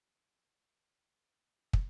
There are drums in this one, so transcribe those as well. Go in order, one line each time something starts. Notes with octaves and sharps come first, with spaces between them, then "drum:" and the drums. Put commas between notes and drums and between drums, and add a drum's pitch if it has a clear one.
E5
D#4
A#4
drum: kick